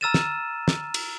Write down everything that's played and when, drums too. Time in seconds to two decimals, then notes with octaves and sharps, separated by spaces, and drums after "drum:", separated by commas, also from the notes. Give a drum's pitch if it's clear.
0.01 A#5 E6 F6 A6 D#7 E7
0.14 drum: snare
0.68 drum: snare
0.94 drum: cymbal